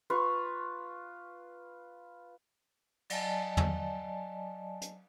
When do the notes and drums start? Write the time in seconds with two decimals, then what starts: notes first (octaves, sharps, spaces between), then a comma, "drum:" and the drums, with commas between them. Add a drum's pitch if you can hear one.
0.10 F4 B4 C#6
3.10 F#3 D5 D#5 G#5 A5, drum: cymbal
3.57 drum: tom
4.81 drum: hi-hat